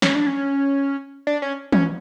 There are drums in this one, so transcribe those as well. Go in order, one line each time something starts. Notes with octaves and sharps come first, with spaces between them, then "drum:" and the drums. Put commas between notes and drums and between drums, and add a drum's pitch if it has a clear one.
C#4, drum: snare
D4
C#4
D4
C#4
C#4, drum: tom E3